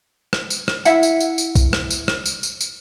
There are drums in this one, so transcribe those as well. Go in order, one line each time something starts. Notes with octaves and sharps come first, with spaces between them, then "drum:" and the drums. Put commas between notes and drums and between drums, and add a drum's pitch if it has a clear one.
drum: rim click
drum: tambourine
drum: rim click
E4 E5 F#5, drum: tambourine
drum: tambourine
drum: tambourine
drum: tambourine
drum: kick, tambourine
drum: rim click
drum: tambourine
drum: rim click
drum: tambourine
drum: tambourine
drum: tambourine